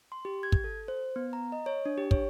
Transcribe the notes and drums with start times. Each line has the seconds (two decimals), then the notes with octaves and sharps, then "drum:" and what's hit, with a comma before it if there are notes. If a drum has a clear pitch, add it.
0.12 C6
0.25 G4
0.43 G#6
0.52 drum: kick
0.64 A4
0.88 C5
1.16 B3
1.33 A#5
1.52 D#5
1.66 C#5
1.86 D4
1.98 G4
2.11 C#5, drum: kick